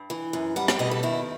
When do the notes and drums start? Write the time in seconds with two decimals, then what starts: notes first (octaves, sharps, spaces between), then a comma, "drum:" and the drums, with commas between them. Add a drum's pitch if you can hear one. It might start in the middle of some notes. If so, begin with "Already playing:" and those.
Already playing: G2
0.10 E3
0.33 F#2
0.56 G3 F#5
0.68 G5, drum: rim click
0.79 B2 D#5
0.91 A4
1.03 D#3 E4